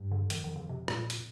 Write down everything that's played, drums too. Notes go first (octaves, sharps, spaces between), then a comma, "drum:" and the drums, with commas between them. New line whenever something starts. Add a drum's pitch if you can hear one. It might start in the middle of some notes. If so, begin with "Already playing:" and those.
Already playing: G2
D3
F2 D#3, drum: hi-hat
D#3
D3
C3
A#2, drum: rim click
drum: hi-hat